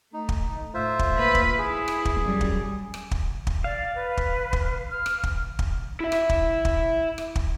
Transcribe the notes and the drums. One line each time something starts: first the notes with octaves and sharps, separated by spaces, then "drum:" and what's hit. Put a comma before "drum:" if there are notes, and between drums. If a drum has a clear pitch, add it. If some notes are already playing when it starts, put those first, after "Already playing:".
A3 D#4
drum: kick
A2 F4 C5 E5
drum: kick
A#3 B4
drum: kick
E4 G#4
drum: rim click
drum: kick
F#2 G3
drum: kick
drum: rim click
drum: kick
drum: kick
D5 F5
B4
drum: kick
drum: kick
F6
drum: rim click
drum: kick
drum: kick
E4 E5
drum: rim click
drum: kick
drum: kick
drum: rim click
drum: kick